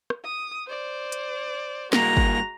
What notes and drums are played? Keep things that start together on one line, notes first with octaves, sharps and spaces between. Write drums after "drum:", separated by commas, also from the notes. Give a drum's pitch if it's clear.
drum: rim click
D#6
C5 D5
drum: hi-hat
G2 G#3 A#3 F#4 A#5, drum: snare
drum: kick